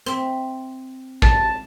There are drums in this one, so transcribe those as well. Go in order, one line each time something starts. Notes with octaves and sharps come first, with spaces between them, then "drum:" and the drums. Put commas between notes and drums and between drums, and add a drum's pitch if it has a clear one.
C4 E5
A5, drum: kick